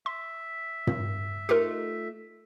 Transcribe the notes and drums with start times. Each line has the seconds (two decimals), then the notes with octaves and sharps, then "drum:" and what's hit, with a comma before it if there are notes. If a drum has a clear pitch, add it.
0.06 E5 C6
0.87 drum: tom
1.49 A3 D#4 F4 G4 A#4